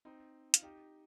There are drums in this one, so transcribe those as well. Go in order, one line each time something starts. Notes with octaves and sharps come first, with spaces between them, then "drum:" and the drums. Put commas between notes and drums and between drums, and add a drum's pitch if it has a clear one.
C4 D#4
F4, drum: hi-hat
D#4 G4